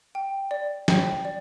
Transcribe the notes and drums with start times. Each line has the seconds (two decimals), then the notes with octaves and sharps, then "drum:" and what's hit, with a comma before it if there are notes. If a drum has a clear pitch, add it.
0.15 G5
0.51 D5
0.88 G5, drum: snare
1.25 D5